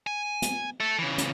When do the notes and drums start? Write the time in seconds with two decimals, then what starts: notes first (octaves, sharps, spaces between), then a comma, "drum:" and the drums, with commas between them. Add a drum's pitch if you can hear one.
0.07 G#5
0.42 drum: hi-hat
0.80 A4 E5
0.99 C#3 E3
1.18 drum: hi-hat